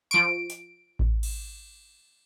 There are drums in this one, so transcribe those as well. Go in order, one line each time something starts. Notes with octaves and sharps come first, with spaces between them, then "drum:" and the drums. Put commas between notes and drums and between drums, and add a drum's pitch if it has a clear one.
F3 C#6 D7
drum: hi-hat
drum: kick A1
drum: cymbal